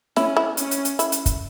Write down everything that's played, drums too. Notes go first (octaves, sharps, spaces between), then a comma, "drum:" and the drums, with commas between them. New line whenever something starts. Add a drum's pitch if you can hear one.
C#4 E4, drum: snare
E4
C#4, drum: hi-hat
drum: hi-hat
drum: hi-hat
E4, drum: hi-hat
drum: hi-hat
drum: kick, hi-hat